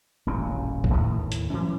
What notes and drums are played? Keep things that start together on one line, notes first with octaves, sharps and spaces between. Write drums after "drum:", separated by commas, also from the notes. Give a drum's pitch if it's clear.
D#1 A1 F#2 C#3
drum: kick
D#2 A2 D#3 E3
drum: hi-hat
E3 F#3 C#4